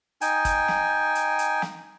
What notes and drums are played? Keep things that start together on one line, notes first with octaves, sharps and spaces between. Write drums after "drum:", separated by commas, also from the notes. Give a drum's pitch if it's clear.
D#4 G5 G#5, drum: hi-hat
drum: kick, hi-hat
drum: snare
drum: hi-hat
drum: hi-hat
drum: snare